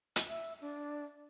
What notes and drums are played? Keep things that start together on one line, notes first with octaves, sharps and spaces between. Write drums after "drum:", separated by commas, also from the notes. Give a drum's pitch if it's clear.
drum: hi-hat
E5
D4